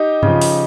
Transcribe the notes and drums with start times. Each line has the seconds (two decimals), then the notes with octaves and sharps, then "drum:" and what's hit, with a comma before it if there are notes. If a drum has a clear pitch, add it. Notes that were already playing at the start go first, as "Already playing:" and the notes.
Already playing: D#4 G4
0.23 C#3 F3, drum: tom G2
0.41 drum: open hi-hat